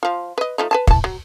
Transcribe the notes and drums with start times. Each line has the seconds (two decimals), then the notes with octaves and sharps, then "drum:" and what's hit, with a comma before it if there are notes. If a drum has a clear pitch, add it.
0.03 F3 F4
0.38 B4 D#5
0.58 F3 A3 D#4
0.71 B4 G#5 A5
0.87 E3 A5, drum: kick
1.04 F#3